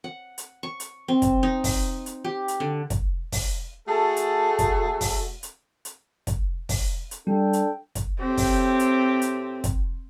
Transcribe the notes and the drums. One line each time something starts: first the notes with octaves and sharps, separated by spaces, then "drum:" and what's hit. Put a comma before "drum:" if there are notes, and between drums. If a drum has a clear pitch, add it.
F#5
drum: hi-hat
C#6
drum: hi-hat
C4
drum: kick, hi-hat
D#4
drum: kick, open hi-hat
drum: hi-hat
G4
drum: hi-hat
D3
drum: kick, hi-hat
drum: kick, open hi-hat
A3 F#4 G#4 A4
drum: hi-hat
drum: kick, hi-hat
drum: kick, open hi-hat
drum: hi-hat
drum: hi-hat
drum: kick, hi-hat
drum: kick, open hi-hat
drum: hi-hat
G3 D4 A4 G5
drum: hi-hat
drum: kick, hi-hat
A2 C4 G4
drum: kick, open hi-hat
drum: hi-hat
drum: hi-hat
drum: kick, hi-hat